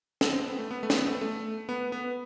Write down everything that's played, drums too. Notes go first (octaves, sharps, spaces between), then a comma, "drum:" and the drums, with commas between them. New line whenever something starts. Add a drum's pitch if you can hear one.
A4, drum: snare
C4
B3
A3
B3
A3
C4, drum: snare
B3
A3
A3
B3
B3